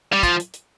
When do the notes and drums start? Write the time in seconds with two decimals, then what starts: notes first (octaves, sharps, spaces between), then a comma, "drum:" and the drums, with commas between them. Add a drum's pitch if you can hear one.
0.13 G3
0.23 F3, drum: kick, hi-hat
0.40 drum: hi-hat
0.54 drum: hi-hat